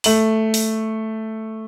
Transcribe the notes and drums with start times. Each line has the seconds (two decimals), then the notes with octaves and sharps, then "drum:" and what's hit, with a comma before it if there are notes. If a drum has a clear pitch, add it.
0.04 A3 F#7, drum: open hi-hat
0.54 drum: open hi-hat